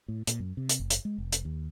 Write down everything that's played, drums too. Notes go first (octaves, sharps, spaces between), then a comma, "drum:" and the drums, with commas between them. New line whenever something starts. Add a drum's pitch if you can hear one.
A2
A#2, drum: hi-hat
F#2
C3
drum: hi-hat
F#1
drum: hi-hat
G#3
F1
drum: hi-hat
D#2